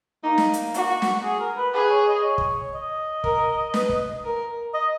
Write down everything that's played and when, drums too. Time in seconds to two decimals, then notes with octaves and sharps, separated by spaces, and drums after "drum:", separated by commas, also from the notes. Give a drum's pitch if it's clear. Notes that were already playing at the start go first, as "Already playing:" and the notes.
0.23 A#3 D#4
0.38 drum: snare
0.53 drum: hi-hat
0.74 F#4, drum: hi-hat
1.02 drum: snare
1.23 G#4
1.40 A#4
1.57 B4
1.74 G#4 B4
1.90 C#5
2.07 D#5
2.24 C#5
2.38 drum: kick
2.74 D#5
3.24 A#4, drum: kick
3.74 B4, drum: snare
3.89 drum: kick
4.25 A#4
4.74 D#5